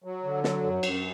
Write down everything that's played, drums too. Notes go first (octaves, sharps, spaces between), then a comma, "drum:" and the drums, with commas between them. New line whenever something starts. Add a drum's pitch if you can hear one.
F#3
D3
F#3, drum: snare
F#2
F#2, drum: cymbal